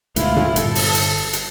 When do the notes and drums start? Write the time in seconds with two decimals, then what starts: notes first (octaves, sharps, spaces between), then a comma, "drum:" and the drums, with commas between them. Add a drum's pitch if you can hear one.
0.16 D2 G#2 B2 E4 F4, drum: hi-hat
0.37 drum: tom A#2
0.56 G1 A4 A5, drum: hi-hat
0.75 drum: open hi-hat
0.95 drum: hi-hat
1.33 drum: hi-hat